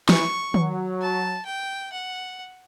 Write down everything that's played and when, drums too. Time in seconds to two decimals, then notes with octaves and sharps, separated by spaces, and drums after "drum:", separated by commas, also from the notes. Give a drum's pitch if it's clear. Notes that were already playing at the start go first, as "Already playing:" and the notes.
0.09 E3 C#6, drum: snare
0.54 F#3, drum: tom D#3
1.01 A5
1.46 G5
1.92 F#5